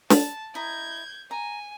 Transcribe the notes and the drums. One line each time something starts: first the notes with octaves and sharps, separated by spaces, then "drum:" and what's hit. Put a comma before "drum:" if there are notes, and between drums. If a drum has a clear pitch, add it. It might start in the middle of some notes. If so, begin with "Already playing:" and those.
A5, drum: snare
E4 D#5 A#5 G6 G#6
G#5 A#5